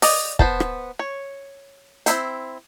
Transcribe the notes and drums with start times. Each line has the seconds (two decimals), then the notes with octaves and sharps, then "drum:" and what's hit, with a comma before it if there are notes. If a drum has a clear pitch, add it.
0.02 D5 D#5, drum: open hi-hat
0.39 B3 C5 A5, drum: kick
0.60 drum: rim click
0.99 C#5
2.06 C4 D#4 E4 C5, drum: hi-hat